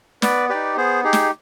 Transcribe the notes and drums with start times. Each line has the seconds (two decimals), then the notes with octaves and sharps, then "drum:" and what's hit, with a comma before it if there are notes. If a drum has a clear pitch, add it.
0.22 B3 B4 D5, drum: snare
0.49 D#4 G4 B4 D5
0.77 B3 G#4 C5
1.04 D#4 G4 G#4
1.13 drum: snare